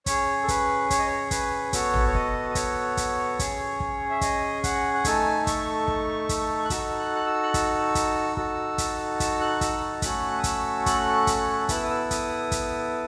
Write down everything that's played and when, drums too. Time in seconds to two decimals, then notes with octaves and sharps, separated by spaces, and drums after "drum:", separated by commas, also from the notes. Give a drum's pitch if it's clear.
0.06 C#4 G#4 C#5, drum: kick, hi-hat
0.43 A4
0.48 B4, drum: kick, hi-hat
0.90 C#5, drum: kick, hi-hat
0.99 D#5
1.07 C#5
1.31 B4, drum: kick, hi-hat
1.73 B3 F#4 A4 C#5, drum: kick, hi-hat
1.94 drum: tom
2.08 C#5
2.15 D#5, drum: kick
2.50 D#5
2.55 C#5, drum: kick, hi-hat
2.97 drum: kick, hi-hat
3.39 C#4 G#4, drum: kick, hi-hat
3.80 drum: kick
4.10 E5
4.21 D#5, drum: kick, hi-hat
4.64 F#5, drum: kick, hi-hat
4.94 F#5
5.04 A3 D#4 A4 G#5, drum: kick, hi-hat
5.47 C#6, drum: kick, hi-hat
5.88 drum: kick
6.29 drum: kick, hi-hat
6.65 F#6
6.70 D#4 F#4 A4 E6, drum: kick, hi-hat
6.99 F#6
7.16 F#6
7.27 E6
7.43 F#6
7.54 E6, drum: kick, hi-hat
7.95 drum: kick, hi-hat
8.37 D#4 F#4 A4, drum: kick
8.78 drum: kick, hi-hat
9.20 E6, drum: kick, hi-hat
9.41 F#6
9.61 E6, drum: kick, hi-hat
10.02 A3 C#4 F#4 A4 F#6, drum: kick, hi-hat
10.39 D#6
10.44 E6, drum: kick, hi-hat
10.86 F#6, drum: kick, hi-hat
11.27 drum: kick, hi-hat
11.69 B3 E4 A4 F#6, drum: kick, hi-hat
11.75 E6
11.83 D#6
11.91 E6
12.11 D#6, drum: kick, hi-hat
12.52 drum: kick, hi-hat